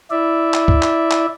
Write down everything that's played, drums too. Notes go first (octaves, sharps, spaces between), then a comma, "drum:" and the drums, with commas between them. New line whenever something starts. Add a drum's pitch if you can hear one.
E4 D5 E5
drum: clap
drum: kick
drum: clap
drum: clap